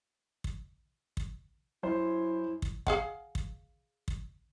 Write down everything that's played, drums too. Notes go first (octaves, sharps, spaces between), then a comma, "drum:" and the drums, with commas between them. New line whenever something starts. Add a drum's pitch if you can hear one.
drum: kick
drum: kick
F#2 E4 C5
drum: kick
G#4 F5 F#5, drum: kick
drum: kick
drum: kick